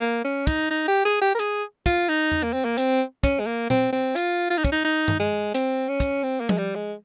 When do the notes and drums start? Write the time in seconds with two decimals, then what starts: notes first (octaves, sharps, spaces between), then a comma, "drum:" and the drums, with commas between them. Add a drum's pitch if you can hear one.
0.01 A#3
0.24 C#4
0.47 D#4, drum: kick, hi-hat
0.71 D#4
0.88 G4
1.05 G#4
1.22 G4
1.35 A#4
1.39 G#4, drum: hi-hat
1.86 F4, drum: kick, hi-hat
2.09 D#4
2.32 drum: tom E2
2.43 A#3
2.53 C4
2.65 A#3
2.78 C4, drum: hi-hat
3.24 C#4, drum: kick, hi-hat
3.40 G#3
3.46 A#3
3.70 C4, drum: tom A#2
3.93 C4
4.16 F4, drum: hi-hat
4.50 F4
4.57 D#4
4.65 C#4, drum: kick, hi-hat
4.72 D#4
4.85 D#4
5.08 drum: tom G2
5.19 G#3
5.54 C4, drum: hi-hat
5.89 C#4
6.00 drum: kick, hi-hat
6.23 C4
6.40 A#3
6.49 G#3, drum: tom F3
6.58 G3
6.75 G#3